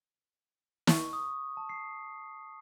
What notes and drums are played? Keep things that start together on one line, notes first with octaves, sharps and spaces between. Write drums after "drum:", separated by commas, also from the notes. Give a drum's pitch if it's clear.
C#6, drum: snare
D#6
A5
C7